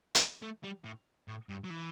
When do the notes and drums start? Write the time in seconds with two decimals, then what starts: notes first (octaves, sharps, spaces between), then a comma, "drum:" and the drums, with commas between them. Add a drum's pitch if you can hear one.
0.15 drum: hi-hat
0.42 A3
0.64 G3
0.85 A2
1.28 A2
1.49 G2
1.64 F#3
1.70 E3